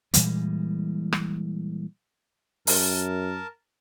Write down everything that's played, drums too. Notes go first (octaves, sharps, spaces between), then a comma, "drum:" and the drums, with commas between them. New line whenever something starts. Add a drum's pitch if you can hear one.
A#2 E3 G3 G#3, drum: hi-hat
drum: rim click
F#2 A#4 A5, drum: open hi-hat